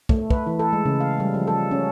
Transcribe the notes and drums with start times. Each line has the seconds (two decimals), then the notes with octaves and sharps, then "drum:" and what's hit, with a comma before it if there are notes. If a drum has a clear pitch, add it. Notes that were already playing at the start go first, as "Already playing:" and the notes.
0.09 A3, drum: kick
0.30 B4, drum: kick
0.47 E3
0.59 A4
0.73 G#3
0.85 C#3
1.00 F5
1.20 G3
1.34 F3
1.47 A4
1.71 C#4